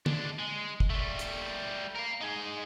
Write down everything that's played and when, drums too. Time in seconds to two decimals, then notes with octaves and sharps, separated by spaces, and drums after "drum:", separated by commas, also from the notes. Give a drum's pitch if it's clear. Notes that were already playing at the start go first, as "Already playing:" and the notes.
0.06 G#3 D4, drum: tom
0.39 G#3
0.80 drum: kick
0.90 G3 A3
1.19 drum: hi-hat
1.95 A#4 F5
2.21 D#4 G#4